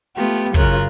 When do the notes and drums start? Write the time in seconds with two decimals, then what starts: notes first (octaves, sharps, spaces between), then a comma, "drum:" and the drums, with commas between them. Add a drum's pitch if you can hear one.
0.15 A3 B3 F4 G4
0.54 F#2 C#3 F4 A#4 F#6, drum: kick, hi-hat